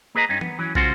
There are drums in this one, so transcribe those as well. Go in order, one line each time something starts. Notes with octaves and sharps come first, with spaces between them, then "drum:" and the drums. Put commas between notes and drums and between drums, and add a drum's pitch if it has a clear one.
A#3 G#4 B4 D#5 A#5
G2 C#4 D#4
B3, drum: tom E3
E3 F#3 C#4
C#3 G#3 C#4 F4 F#4 C5, drum: kick